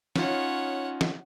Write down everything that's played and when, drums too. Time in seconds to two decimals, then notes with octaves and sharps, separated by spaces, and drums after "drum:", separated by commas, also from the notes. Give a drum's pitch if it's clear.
0.16 C#4 D#4 F4 C#5 F#5, drum: snare
1.01 drum: snare